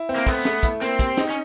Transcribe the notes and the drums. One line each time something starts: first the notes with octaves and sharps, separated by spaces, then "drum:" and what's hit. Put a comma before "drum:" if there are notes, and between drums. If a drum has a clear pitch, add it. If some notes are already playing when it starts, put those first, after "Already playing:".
Already playing: E4
C4
A#3
A3 B3, drum: kick, hi-hat
A3, drum: snare
E4, drum: kick, hi-hat
A#3 C4, drum: hi-hat
G4, drum: kick, hi-hat
D#4, drum: snare
C#4